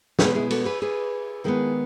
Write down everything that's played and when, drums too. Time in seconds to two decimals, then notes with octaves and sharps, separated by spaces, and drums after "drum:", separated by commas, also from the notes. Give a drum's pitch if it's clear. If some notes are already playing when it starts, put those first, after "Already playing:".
0.19 B2 G#3 B3 G#4 B4, drum: snare
0.35 E4 G#4
0.50 F#4 A4, drum: cymbal
0.65 G#4 B4
0.82 G#4 B4
1.44 D#3 G#3 B3 E4 G#4